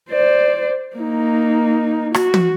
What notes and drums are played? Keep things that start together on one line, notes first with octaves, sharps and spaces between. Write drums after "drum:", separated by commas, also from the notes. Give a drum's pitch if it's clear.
C5 D5
A#3 D#4
F#4, drum: rim click
drum: tom